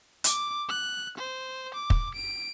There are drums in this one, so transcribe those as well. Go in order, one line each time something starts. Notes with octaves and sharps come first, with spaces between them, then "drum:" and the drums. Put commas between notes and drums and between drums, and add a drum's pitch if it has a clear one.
D6, drum: hi-hat
F#6
C5
D6
drum: kick
D7